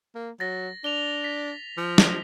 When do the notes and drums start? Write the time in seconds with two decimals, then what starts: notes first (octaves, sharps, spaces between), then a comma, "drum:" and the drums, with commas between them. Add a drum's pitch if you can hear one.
0.15 A#3
0.40 F#3 A6 A#6
0.84 D4 F7 G7
1.24 B6
1.78 F3
1.98 drum: snare